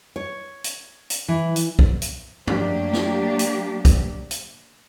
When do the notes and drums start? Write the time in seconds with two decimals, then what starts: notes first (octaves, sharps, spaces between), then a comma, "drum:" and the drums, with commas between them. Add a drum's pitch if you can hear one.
0.16 C#5
0.64 drum: hi-hat
1.10 drum: hi-hat
1.28 E3
1.56 drum: hi-hat
1.79 drum: kick
2.02 drum: hi-hat
2.47 F#3 A3 A#3 D4 G4, drum: tom F#2
2.93 drum: snare
3.39 drum: hi-hat
3.85 drum: kick, hi-hat
4.31 drum: hi-hat